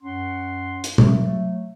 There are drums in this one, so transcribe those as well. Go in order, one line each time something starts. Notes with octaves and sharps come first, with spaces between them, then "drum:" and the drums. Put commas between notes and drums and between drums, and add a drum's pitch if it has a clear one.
F#2 C#4 F#5 C6
drum: hi-hat
F#3 A3, drum: tom B2